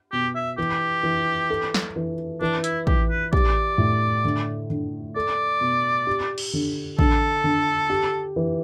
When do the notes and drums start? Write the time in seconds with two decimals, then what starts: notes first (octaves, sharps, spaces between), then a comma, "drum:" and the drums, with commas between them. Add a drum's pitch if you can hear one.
0.12 B2 G4
0.36 E5
0.58 E3 G4
1.03 E3
1.50 A4
1.74 drum: snare
1.96 E3
2.41 E3 D4
2.64 E4, drum: hi-hat
2.87 E3 G4, drum: kick
3.09 B4
3.33 G4 D5, drum: kick
3.78 A2
4.24 D3
4.70 D3
5.16 A4 D5
5.61 B2
6.07 G4
6.38 drum: cymbal
6.53 D3
6.99 D3 A4, drum: kick
7.44 D3
7.90 G4
8.36 E3